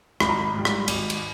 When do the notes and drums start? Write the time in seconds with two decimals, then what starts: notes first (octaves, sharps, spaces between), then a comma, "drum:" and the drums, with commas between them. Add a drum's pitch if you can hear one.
0.20 G#1 B5, drum: rim click
0.29 A#5
0.38 B5
0.54 G#2 G3
0.65 drum: rim click
0.88 G#1, drum: cymbal
1.10 drum: cymbal